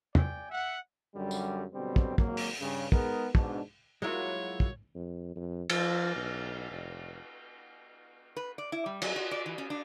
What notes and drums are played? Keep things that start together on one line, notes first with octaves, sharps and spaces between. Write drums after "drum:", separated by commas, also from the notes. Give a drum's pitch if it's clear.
D5 G5 G#5, drum: tom
E5 F#5
F#2 D3 G3
drum: tambourine
B2 D3 F#3 G3 C4
drum: kick
G#1 F#3 A#3, drum: kick
drum: open hi-hat
G2 C#3
G#3 B3 D#4 G#4 A#4, drum: kick
G#2 B2 D4, drum: kick
F#3 G#3 A#3 E4 F4 C#5
drum: kick
F2
F2
F3, drum: cymbal
B1
F1
B4
D5
E4
G3
F#3, drum: cymbal
F#4
D5
E3
C#4
D4